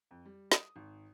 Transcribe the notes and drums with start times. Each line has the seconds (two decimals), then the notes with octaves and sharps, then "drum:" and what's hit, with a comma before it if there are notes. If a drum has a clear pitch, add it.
0.11 F2
0.25 G3
0.52 D#6, drum: snare
0.76 G#1